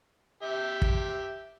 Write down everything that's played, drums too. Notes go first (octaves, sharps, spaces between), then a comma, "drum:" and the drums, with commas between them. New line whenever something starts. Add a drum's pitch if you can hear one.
G4 E5
drum: kick